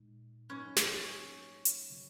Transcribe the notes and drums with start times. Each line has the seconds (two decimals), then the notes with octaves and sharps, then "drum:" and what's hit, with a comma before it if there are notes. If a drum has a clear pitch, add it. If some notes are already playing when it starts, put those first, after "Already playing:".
Already playing: A#2 G#3 D#4
0.49 G#2 F#3 A#3 C#4 D#4
0.76 drum: snare
1.65 drum: hi-hat
1.90 C#3 F#3